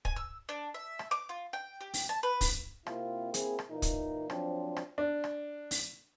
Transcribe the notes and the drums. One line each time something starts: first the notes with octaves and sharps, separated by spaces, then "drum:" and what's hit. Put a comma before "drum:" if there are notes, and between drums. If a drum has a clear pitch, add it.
G#5, drum: kick
E6
D4
E5
drum: rim click
D6
F4
G5
G4
drum: open hi-hat
A5
B4
drum: kick, open hi-hat
C3 A#3 C4 E4 F4, drum: rim click
A#3 C4 E4 G#4, drum: hi-hat
drum: rim click
A#2 E3 A#3 D#4
drum: kick, hi-hat
F3 F#3 C4 D4, drum: rim click
drum: rim click
D4
drum: rim click
drum: open hi-hat